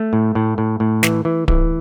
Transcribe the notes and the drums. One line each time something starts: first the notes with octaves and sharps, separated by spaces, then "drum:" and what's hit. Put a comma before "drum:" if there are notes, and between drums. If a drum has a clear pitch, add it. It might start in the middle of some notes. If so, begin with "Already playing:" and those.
Already playing: A3
A2
A2
A2
A2
E3, drum: snare
E3
E3, drum: kick D1